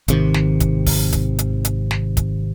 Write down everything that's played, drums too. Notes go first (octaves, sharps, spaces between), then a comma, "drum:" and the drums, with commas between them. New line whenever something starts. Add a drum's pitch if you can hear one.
G#1 C3 D#3, drum: hi-hat
drum: snare
drum: kick, hi-hat
drum: kick, open hi-hat
drum: kick, hi-hat
drum: hi-hat
drum: hi-hat
drum: snare
drum: kick, hi-hat